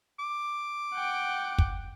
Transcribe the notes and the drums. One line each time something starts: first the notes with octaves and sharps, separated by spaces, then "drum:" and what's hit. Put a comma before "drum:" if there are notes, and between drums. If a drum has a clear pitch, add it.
D6
F#5 G5
drum: kick